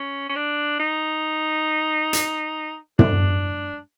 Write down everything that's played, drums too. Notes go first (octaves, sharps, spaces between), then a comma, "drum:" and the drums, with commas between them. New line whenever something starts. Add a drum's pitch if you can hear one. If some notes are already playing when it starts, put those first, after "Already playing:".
Already playing: C#4
C#4
D4
D#4
drum: hi-hat
D4, drum: tom